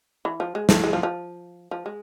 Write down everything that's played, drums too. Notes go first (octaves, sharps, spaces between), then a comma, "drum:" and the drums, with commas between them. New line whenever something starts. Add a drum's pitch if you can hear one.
E3
F3
G#3
A3, drum: snare
G#3
F3
F3
F3
G#3